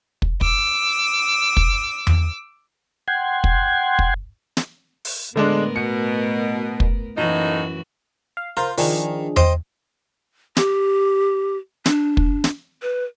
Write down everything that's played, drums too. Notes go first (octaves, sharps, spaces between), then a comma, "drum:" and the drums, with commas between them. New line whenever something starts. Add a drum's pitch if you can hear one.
drum: kick
D6 E6, drum: kick
drum: kick
drum: tom E2
F#5 G5 C6 G#6
drum: kick
drum: kick
drum: snare
drum: open hi-hat
A2 D3 G#3 B3 D4 A#4
B2 C#7
drum: kick
F#2 A2 E3 A#3 D#4 F#4
F5
F4 A#4 C5
D#3 F3 D4 G#4, drum: open hi-hat
C5 D#5 G5, drum: tom E2
G4, drum: snare
D4, drum: snare
drum: kick
drum: snare
B4